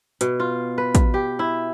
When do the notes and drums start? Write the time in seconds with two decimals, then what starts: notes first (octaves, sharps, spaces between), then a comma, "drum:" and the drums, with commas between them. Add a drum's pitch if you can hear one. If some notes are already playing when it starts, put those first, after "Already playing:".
0.21 B2, drum: hi-hat
0.40 F4
0.78 B4
0.95 drum: kick, hi-hat
1.14 G4
1.39 E4